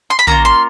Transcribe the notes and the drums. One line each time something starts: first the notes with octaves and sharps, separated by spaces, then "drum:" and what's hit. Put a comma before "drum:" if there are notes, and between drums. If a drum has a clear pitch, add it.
C6
B5
A#3 C#4 F4 A#5, drum: tom
C6